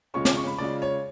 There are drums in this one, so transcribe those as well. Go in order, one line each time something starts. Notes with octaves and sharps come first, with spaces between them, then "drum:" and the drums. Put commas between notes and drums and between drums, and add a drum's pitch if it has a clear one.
C#3 G#3 C#4 F4 C#6
D6, drum: snare
C#6
B5
C#3 G#3 C#4 F4 D5
C#5